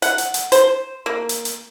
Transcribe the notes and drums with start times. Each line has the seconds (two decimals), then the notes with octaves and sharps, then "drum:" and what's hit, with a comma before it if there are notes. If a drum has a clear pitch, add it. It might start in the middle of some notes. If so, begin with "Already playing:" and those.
0.02 F#5, drum: hi-hat
0.18 drum: hi-hat
0.34 drum: hi-hat
0.52 C5, drum: hi-hat
1.06 A#3
1.29 drum: hi-hat
1.45 drum: hi-hat